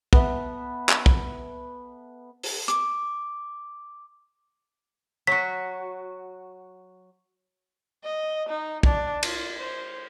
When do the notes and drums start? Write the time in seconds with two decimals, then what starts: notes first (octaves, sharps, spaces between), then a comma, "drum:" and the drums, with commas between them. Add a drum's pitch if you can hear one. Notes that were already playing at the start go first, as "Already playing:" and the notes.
0.13 B3 A4 E5, drum: kick
0.89 drum: clap
1.06 drum: kick
2.43 drum: open hi-hat
2.68 D6, drum: hi-hat
5.27 F#3 F#4 B6
8.04 D#5
8.49 D#4
8.83 D4, drum: kick
9.23 F4, drum: cymbal
9.59 C5